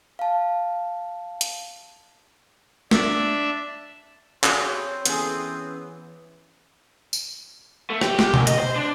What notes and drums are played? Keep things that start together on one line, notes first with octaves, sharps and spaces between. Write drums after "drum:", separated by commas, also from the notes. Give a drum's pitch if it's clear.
F5 A5
drum: hi-hat
D4 E5, drum: snare
C4 F#4 G#4 C#5, drum: clap
E3 B3 C#4 G#4, drum: hi-hat
drum: tambourine
A3
G4, drum: rim click
G4, drum: snare
F#2, drum: tom B2
D#5, drum: hi-hat
C5
D4